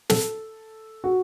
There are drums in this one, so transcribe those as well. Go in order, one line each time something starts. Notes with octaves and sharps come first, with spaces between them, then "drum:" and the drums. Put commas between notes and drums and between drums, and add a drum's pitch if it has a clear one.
A4, drum: snare
F#4